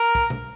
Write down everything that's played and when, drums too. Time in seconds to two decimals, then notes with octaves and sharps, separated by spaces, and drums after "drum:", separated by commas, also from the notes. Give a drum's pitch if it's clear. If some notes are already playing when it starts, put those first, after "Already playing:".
Already playing: A#4
0.15 drum: kick
0.30 drum: tom B2